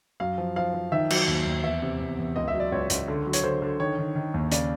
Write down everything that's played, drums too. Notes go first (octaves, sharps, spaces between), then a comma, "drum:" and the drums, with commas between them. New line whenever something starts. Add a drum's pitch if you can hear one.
F#2 F5
F3
F3 F5
F3
D#3 E5
F#3, drum: cymbal
D#2
D#2
E2 E5
C3
E2
E2
C#2 D#5
E5
F#3
D5
C#2 C#5
C#2, drum: hi-hat
D3
F#3
C#5, drum: hi-hat
D3 C5
D3
D#3 C#5
D#3
D#3
D#2
C#3 D5, drum: hi-hat